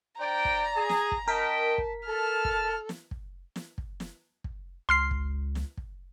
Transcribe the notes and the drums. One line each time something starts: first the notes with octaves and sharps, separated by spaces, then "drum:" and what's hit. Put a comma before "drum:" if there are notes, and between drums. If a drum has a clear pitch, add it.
D4 C5 D5 G5 A#5
drum: kick
G#4
drum: snare
drum: kick
C#4 A#4 D#5 G5 A5 B6
drum: kick
A4 A5 F6
drum: kick
drum: snare
drum: kick
drum: snare
drum: kick
drum: snare
drum: kick
C#2 C6 F6 C7
drum: kick
drum: snare
drum: kick